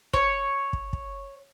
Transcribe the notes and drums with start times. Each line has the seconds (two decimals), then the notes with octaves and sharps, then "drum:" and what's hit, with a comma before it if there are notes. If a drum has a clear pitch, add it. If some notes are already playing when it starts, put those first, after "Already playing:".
0.14 C#5, drum: kick
0.73 drum: kick
0.93 drum: kick